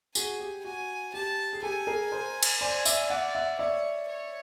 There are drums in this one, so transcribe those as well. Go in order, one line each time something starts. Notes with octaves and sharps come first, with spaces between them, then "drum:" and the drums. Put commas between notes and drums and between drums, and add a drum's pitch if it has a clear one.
F#4 G#4 G#5, drum: tambourine
G4
F#4 G#5
G4 A5
G#4
G4 A4 G#5
G#4 A#4
A#4 C5
drum: cymbal
C5 D5 G#5
D5 E5, drum: tambourine
D5 E5 F#5
E5 F#5
C#5 D5 E5
C#5